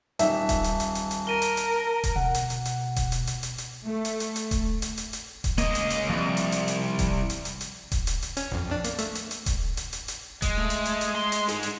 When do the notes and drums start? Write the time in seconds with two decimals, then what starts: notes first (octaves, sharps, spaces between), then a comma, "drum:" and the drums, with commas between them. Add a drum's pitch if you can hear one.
0.19 D#1 D#4 E5 A5, drum: hi-hat
0.49 drum: kick D#1, hi-hat
0.64 drum: hi-hat
0.80 drum: hi-hat
0.95 drum: hi-hat
1.11 drum: hi-hat
1.27 A#4 A#6 D#7 G7
1.42 drum: hi-hat
1.57 drum: hi-hat
2.04 drum: kick D#1, hi-hat
2.16 B2 F#5
2.35 drum: hi-hat
2.50 drum: hi-hat
2.65 drum: hi-hat
2.96 drum: kick D#1, hi-hat
3.12 drum: hi-hat
3.27 drum: hi-hat
3.43 drum: hi-hat
3.58 drum: hi-hat
3.85 A3
4.05 drum: hi-hat
4.20 drum: hi-hat
4.36 drum: hi-hat
4.51 drum: kick D#1, hi-hat
4.82 drum: hi-hat
4.98 drum: hi-hat
5.13 drum: hi-hat
5.44 drum: kick D#1, hi-hat
5.58 C#2 A#3 D#5, drum: hi-hat
5.75 drum: hi-hat
5.90 drum: hi-hat
6.10 C2 F3
6.37 drum: hi-hat
6.52 drum: hi-hat
6.68 drum: hi-hat
6.99 drum: kick D#1, hi-hat
7.30 drum: hi-hat
7.45 drum: hi-hat
7.61 drum: hi-hat
7.92 drum: kick D#1, hi-hat
8.07 drum: hi-hat
8.23 drum: hi-hat
8.37 C#4, drum: hi-hat
8.52 A#1 F2
8.68 F2 D4
8.84 A#3, drum: hi-hat
8.99 A3, drum: hi-hat
9.15 drum: hi-hat
9.31 drum: hi-hat
9.46 drum: kick D#1, hi-hat
9.77 drum: hi-hat
9.93 drum: hi-hat
10.08 drum: hi-hat
10.42 G#3, drum: kick D#1, hi-hat
10.58 A3
10.70 drum: hi-hat
10.86 drum: hi-hat
11.01 drum: hi-hat
11.15 C6
11.32 drum: hi-hat
11.49 D#4 G#4, drum: hi-hat
11.63 drum: hi-hat